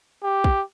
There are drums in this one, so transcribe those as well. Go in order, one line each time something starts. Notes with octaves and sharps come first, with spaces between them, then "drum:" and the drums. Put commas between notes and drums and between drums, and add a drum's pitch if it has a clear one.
G4
drum: kick